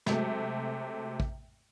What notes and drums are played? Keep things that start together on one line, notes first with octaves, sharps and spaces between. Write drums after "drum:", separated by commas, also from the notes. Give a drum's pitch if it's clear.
C3 F#3 G#3 A3, drum: snare
drum: kick